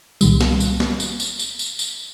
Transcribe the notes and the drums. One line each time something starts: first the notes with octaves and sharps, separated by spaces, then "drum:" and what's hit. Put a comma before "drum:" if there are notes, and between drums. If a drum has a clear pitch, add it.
C2 A#2 D#3 G3, drum: tambourine
drum: snare
drum: tambourine
drum: snare
drum: tambourine
drum: tambourine
drum: tambourine
drum: tambourine
drum: tambourine